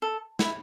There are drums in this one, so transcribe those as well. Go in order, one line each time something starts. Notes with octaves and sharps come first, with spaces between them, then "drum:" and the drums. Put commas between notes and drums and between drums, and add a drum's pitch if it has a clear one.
A4
E4, drum: snare